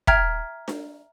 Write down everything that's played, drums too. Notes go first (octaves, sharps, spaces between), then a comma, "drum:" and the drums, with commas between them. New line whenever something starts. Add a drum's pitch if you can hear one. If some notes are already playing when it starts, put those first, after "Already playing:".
E5 G5 A#5 F6 G#6, drum: kick
drum: snare D4